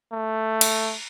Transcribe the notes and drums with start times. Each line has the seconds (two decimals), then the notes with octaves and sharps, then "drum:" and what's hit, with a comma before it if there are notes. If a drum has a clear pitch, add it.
0.12 A3
0.61 drum: cymbal